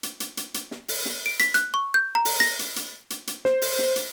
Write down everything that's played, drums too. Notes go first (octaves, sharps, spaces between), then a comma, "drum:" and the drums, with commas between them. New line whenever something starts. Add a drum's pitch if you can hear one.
drum: hi-hat
drum: hi-hat
drum: hi-hat
drum: hi-hat
drum: snare
drum: open hi-hat
drum: snare
D7
B6, drum: hi-hat
F#6, drum: hi-hat
C#6
G6
A#5
drum: open hi-hat
A#6, drum: snare
drum: hi-hat
drum: hi-hat
drum: hi-hat
drum: hi-hat
C5, drum: snare
drum: open hi-hat
drum: snare
drum: hi-hat